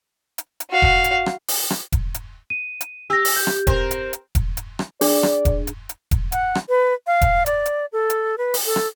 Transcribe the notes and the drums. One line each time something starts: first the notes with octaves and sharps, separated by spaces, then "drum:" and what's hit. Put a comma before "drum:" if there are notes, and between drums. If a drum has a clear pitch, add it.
drum: hi-hat
drum: hi-hat
F#4 F5
drum: kick E1
drum: hi-hat
drum: rim click
drum: open hi-hat
drum: rim click
drum: kick E1, hi-hat
drum: hi-hat
D#7
drum: hi-hat
G4 E6 A#6
drum: open hi-hat
G6
drum: rim click
C4 A#4 C5, drum: kick E1, hi-hat
drum: hi-hat
drum: hi-hat
drum: kick E1, hi-hat
drum: hi-hat
drum: rim click
D4 G#4 D5, drum: open hi-hat
drum: rim click
drum: kick E1, hi-hat
drum: hi-hat
drum: hi-hat
drum: kick E1, hi-hat
F#5, drum: hi-hat
drum: rim click
B4
F5
drum: kick E1, hi-hat
D5, drum: hi-hat
drum: hi-hat
A4
drum: hi-hat
B4
drum: open hi-hat
A4
drum: rim click